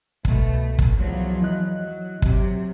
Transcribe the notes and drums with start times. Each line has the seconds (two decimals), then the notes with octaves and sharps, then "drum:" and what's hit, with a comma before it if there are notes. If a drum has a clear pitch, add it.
0.25 C2 B2 A3, drum: kick
0.79 drum: kick
0.97 E2 F3 F#3
1.42 E3 D#5 F#6
1.77 F#3
2.22 C3 F#3, drum: kick